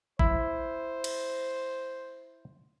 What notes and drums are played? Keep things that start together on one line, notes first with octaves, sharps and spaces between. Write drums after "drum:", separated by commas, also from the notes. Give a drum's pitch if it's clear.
E4 C5, drum: kick
drum: cymbal